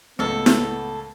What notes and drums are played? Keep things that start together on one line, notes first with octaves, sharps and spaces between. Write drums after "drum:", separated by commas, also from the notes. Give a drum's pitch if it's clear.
C#2 A2 B3 A4 C#6
drum: snare E4